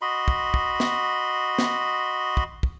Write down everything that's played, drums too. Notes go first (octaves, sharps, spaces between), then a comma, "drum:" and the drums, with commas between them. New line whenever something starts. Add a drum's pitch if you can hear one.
F#4 D#5 B5 C6
drum: kick
drum: kick
drum: snare
drum: snare
drum: kick
drum: kick